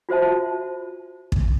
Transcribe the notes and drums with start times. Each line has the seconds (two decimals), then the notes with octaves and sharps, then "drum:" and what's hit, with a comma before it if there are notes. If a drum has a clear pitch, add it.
0.09 F4 F#4 C5 E5 A5
1.32 drum: kick